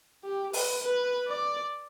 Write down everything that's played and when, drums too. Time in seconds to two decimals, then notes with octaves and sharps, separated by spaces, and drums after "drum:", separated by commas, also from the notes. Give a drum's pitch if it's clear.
0.24 G4
0.53 B4, drum: open hi-hat
0.84 B4
1.28 D5